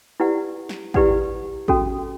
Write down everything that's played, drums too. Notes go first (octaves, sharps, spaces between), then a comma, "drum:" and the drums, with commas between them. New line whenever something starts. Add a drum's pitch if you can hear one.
E4 G4 B4 D5 F#5
drum: snare
E4 G4 B4 D5 F#5, drum: kick
C#4 F#4 A4, drum: kick